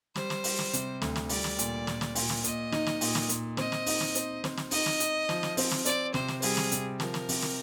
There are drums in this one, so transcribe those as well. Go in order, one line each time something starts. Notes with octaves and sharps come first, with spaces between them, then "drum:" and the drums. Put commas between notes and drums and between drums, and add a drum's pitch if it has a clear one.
G3 C5, drum: snare
drum: snare
G3, drum: open hi-hat
drum: snare
C3, drum: hi-hat
D2, drum: snare
drum: snare
G3 D5, drum: open hi-hat
drum: snare
A#2, drum: hi-hat
A#2, drum: snare
drum: snare
A#2, drum: open hi-hat
drum: snare
A#2 D#5, drum: hi-hat
D#4, drum: snare
drum: snare
A#2, drum: open hi-hat
drum: snare
A#2, drum: hi-hat
C4 D#5, drum: snare
drum: snare
D#4, drum: open hi-hat
drum: snare
C4, drum: hi-hat
C4, drum: snare
drum: snare
D#4 D#5, drum: open hi-hat
drum: snare
D#4, drum: hi-hat
F3, drum: snare
drum: snare
C4, drum: open hi-hat
drum: snare
C4 D5, drum: hi-hat
C3 C5, drum: snare
drum: snare
G3 G#4, drum: open hi-hat
drum: snare
C3, drum: hi-hat
F3 A#4, drum: snare
drum: snare
C3, drum: open hi-hat
drum: snare